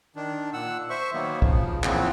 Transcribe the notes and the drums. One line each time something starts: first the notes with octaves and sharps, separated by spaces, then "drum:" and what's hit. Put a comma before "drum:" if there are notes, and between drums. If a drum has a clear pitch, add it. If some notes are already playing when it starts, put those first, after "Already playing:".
D#3 D4
A#2 F#5 E6
C5 E5 C#6
D#3 F#3 A#3 B3
C#3 F3, drum: kick
A#2 C#3 E3 F3 B3 C4, drum: clap